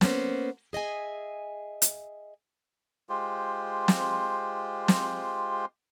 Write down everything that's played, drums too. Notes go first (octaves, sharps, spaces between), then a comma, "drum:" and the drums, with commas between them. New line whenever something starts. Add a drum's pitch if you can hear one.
A#3 B3 C#4 C5, drum: snare
G#4 D#5 E5 G#5
drum: hi-hat
G#3 F4 G4 C5
drum: snare
drum: snare